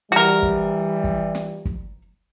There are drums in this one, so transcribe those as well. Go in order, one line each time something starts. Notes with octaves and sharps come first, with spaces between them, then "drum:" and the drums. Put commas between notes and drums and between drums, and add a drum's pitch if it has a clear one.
E3 G3 F#4 A#4
drum: kick
drum: kick
drum: snare
drum: kick